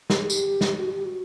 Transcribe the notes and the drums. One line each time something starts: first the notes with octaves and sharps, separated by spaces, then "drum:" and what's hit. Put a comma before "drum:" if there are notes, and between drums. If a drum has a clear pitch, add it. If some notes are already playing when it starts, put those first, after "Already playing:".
G4, drum: snare
G#4
G4, drum: tambourine
drum: snare
F#4
G4
F#4